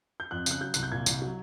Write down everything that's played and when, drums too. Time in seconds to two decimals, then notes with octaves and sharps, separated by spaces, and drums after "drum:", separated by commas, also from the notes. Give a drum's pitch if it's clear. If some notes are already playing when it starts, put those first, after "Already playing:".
0.20 G6
0.31 F2 F#6
0.46 C#3 F#6, drum: tambourine
0.61 F#3 G6
0.74 C2 F#6, drum: tambourine
0.83 G6
0.92 A#2 G#6
1.06 C2, drum: tambourine
1.22 F#3